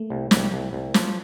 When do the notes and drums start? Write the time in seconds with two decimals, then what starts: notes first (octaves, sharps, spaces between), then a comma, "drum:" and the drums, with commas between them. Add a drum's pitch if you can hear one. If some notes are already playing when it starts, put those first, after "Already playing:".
Already playing: A3 A#3
0.10 C2
0.31 C2, drum: snare
0.52 C2
0.73 C2
0.94 F3, drum: snare